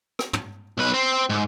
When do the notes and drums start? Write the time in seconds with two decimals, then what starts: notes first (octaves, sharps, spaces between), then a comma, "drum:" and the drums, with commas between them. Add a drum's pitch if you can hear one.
0.19 drum: rim click
0.33 drum: tom
0.78 B1 B4
0.94 C4
1.30 G#2